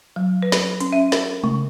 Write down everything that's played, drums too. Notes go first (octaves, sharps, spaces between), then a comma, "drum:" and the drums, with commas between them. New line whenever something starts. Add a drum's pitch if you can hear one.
F#3
B4
drum: snare
C#4, drum: hi-hat
E5
A#4, drum: snare
C#3, drum: tom G#3